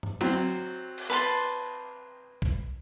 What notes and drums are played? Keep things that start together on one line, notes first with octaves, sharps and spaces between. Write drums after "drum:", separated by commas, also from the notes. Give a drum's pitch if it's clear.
drum: tom G2
F#3 C4, drum: cymbal
drum: cymbal
B4 A5 C6
drum: kick B1